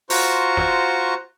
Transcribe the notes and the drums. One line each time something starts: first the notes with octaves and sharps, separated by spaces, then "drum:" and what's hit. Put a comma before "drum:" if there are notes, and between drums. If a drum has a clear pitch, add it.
F4 F#4 C5 A#5 C#6, drum: open hi-hat
drum: snare